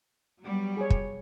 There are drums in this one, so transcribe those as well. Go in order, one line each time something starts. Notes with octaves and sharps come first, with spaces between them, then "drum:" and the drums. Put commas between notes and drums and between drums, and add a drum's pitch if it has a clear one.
F#3 G3 B3
G#4 C#5
drum: kick